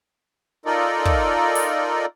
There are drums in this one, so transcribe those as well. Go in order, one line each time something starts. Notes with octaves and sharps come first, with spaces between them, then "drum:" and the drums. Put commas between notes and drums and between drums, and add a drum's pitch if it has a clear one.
D#4 F4 A4 A#4 D5 D#5
drum: kick
drum: open hi-hat